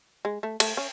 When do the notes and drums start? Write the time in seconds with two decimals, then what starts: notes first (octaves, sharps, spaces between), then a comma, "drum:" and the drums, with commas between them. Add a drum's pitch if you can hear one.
0.25 G#3
0.43 A3
0.60 A3, drum: cymbal
0.77 C#4